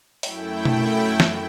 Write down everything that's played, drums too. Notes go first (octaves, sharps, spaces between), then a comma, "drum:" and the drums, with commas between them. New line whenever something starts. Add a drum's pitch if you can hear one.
F#2 A3 E4 G5, drum: open hi-hat
drum: tom B2
drum: snare